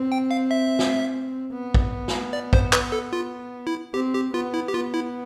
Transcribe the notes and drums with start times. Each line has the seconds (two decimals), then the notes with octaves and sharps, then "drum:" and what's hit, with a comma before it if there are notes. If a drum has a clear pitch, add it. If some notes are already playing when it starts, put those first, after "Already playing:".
Already playing: C4
0.12 G5
0.31 F5
0.51 E5
0.79 drum: snare
1.52 B3
1.74 drum: kick
2.08 drum: snare
2.33 D5
2.53 C5, drum: kick
2.73 B4, drum: clap
2.92 A4
3.13 F4
3.67 E4
3.94 C4 G4
4.14 G4
4.33 B3 F4
4.54 E4
4.68 G4
4.74 B3 F4
4.94 E4